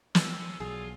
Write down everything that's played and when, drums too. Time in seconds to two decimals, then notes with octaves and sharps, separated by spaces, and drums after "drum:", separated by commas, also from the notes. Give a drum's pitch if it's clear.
0.15 C3 C#4 E6, drum: snare
0.60 B1 D4 F4 G#4